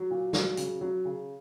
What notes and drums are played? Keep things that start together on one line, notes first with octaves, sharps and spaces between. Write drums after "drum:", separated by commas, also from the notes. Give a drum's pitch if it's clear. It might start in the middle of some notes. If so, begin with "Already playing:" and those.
Already playing: F#3
A#2
F#3, drum: snare
C#3, drum: hi-hat
F#3
C#3